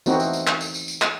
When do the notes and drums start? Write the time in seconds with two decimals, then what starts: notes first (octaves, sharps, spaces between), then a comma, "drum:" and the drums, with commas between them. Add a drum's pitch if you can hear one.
0.06 E3 A3 C4 D#4 F#4, drum: tambourine
0.20 drum: tambourine
0.33 drum: tambourine
0.47 drum: clap
0.61 drum: tambourine
0.74 drum: tambourine
0.88 drum: tambourine
1.02 drum: clap